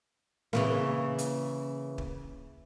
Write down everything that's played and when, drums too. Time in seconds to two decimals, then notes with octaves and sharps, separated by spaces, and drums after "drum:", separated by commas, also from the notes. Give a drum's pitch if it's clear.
0.53 C#3 E3 A#3, drum: snare C4
1.18 drum: hi-hat
1.98 drum: kick